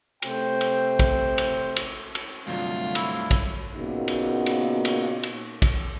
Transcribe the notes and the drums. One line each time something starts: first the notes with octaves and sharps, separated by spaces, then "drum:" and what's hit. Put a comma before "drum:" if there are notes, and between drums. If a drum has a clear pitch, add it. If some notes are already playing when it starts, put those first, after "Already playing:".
C3 A3 C5 G5, drum: cymbal
drum: cymbal
drum: kick, cymbal
drum: cymbal
drum: cymbal
drum: cymbal
D2 G2 C3 F#3 F4
E4, drum: cymbal
drum: kick, cymbal
A#2 C#3 A#3 B3 D#4 F#4
drum: cymbal
drum: cymbal
drum: cymbal
drum: cymbal
drum: kick, cymbal